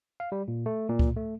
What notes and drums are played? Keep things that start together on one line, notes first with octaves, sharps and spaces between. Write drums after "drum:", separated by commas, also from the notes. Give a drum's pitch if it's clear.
F5
G3
A#2
A3
A#2
drum: kick C#2
A3